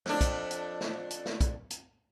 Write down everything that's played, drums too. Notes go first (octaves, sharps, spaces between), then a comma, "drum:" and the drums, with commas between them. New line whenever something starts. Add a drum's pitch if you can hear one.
F2 D4, drum: snare
drum: kick, hi-hat
drum: hi-hat
drum: snare
drum: hi-hat
drum: snare
drum: kick, hi-hat
drum: hi-hat